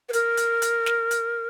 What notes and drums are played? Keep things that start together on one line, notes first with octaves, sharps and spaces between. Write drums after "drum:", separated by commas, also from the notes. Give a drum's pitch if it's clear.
B4
A#4, drum: hi-hat
drum: hi-hat
drum: hi-hat
drum: snare
drum: hi-hat